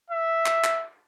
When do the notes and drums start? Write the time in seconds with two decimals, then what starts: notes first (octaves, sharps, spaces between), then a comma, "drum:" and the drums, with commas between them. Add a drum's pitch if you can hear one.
0.10 E5
0.46 drum: clap
0.64 drum: clap